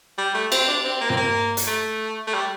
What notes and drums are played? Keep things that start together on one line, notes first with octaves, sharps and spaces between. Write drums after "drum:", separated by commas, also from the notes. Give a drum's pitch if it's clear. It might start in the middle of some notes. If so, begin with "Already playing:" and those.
G3
A3
C4, drum: cymbal
D4
C4
A#3
C4, drum: tom
A#3
drum: hi-hat
A3
A3
G3